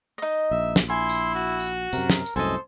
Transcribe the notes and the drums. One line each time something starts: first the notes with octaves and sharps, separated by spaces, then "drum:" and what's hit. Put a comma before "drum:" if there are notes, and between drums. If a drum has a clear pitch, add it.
D#4 D#5
A#1 E5
drum: snare
E4 G#5 C6
drum: tambourine
F#4
drum: tambourine
F#2 C3 A#4, drum: tambourine
drum: snare
drum: tambourine
C2 F#2 A2 A4 C5 D#5 G#5